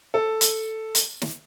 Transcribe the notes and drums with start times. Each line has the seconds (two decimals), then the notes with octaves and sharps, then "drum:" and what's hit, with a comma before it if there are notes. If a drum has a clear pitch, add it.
0.14 A4
0.41 drum: hi-hat
0.95 drum: hi-hat
1.22 drum: snare